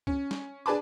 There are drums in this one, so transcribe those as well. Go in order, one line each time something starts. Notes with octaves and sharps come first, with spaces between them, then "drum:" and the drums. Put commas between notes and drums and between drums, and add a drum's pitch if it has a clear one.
C#4, drum: kick C#2
drum: snare
D4 G#4 B4 A5 B5 D6